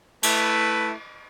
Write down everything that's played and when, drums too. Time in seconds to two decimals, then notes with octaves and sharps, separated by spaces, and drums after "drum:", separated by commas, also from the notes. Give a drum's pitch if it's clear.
0.23 A3 E4 B4, drum: cymbal